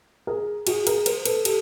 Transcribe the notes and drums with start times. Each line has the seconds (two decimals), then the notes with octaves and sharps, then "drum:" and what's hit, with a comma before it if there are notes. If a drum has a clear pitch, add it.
0.27 G#4 A#4
0.67 F#4 G#4, drum: cymbal
0.87 G#4 A#4, drum: cymbal
1.06 A#4 C5, drum: cymbal
1.26 A4 B4, drum: cymbal
1.45 G4 A4, drum: cymbal